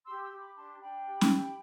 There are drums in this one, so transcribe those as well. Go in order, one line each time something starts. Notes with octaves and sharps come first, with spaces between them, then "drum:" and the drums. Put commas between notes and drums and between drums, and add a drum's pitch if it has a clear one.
G4 C6 E6
C6 E6
G4
B5 D6
D4 A5 C6
D4 G5 B5
G4
drum: snare C#4
G4